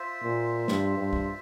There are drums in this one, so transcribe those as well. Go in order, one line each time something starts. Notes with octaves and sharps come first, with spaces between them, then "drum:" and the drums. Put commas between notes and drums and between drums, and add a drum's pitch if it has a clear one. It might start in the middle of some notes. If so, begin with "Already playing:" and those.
Already playing: F4 C5 E5
A#2
G2, drum: snare
G2
drum: kick